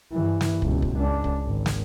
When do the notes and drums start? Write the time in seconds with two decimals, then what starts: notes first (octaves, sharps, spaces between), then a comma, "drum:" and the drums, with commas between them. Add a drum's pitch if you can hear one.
0.13 G2 E3
0.41 drum: snare
0.62 C#2 B2, drum: kick
0.82 drum: kick
0.96 C#2 D4
1.24 drum: kick
1.45 G#1
1.66 drum: snare